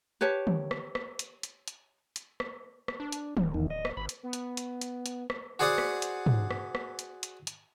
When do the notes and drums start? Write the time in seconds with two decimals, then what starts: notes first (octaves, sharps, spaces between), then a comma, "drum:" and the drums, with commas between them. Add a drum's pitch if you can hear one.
0.21 G4 B4 C#5 A5
0.47 drum: tom
0.71 drum: rim click
0.95 drum: rim click
1.19 drum: hi-hat
1.43 drum: hi-hat
1.68 drum: hi-hat
2.16 drum: hi-hat
2.40 drum: rim click
2.88 drum: rim click
3.00 D4
3.12 drum: hi-hat
3.37 D1, drum: tom
3.54 E2 D#3
3.70 D#5
3.85 drum: rim click
3.97 G#1 B5
4.09 drum: hi-hat
4.23 B3
4.33 drum: hi-hat
4.57 drum: hi-hat
4.81 drum: hi-hat
5.06 drum: hi-hat
5.30 drum: rim click
5.59 F#4 G#4 C5 D5 F#5 D#6
5.78 drum: rim click
6.02 drum: hi-hat
6.26 drum: tom
6.51 drum: rim click
6.75 drum: rim click
6.99 drum: hi-hat
7.23 drum: hi-hat
7.47 drum: hi-hat